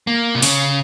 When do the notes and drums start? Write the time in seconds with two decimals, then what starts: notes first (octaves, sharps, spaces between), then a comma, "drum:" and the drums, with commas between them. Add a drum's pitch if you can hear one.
0.07 A#3
0.35 C3
0.42 C#3, drum: open hi-hat